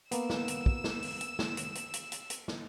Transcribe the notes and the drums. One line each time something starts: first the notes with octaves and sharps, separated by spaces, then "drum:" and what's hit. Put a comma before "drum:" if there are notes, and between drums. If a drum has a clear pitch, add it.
A#3 B3 E6 E7, drum: hi-hat
drum: snare
drum: hi-hat
drum: kick
drum: snare
drum: open hi-hat
drum: hi-hat
drum: snare
drum: hi-hat
drum: hi-hat
drum: hi-hat
drum: hi-hat
drum: hi-hat
drum: snare